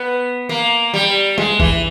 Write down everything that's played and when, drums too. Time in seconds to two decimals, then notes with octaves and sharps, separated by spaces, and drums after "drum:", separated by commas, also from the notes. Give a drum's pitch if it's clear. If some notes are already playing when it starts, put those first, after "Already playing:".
Already playing: B3
0.49 A#3
0.94 G3
1.38 G#3, drum: tom
1.60 E3, drum: kick G#1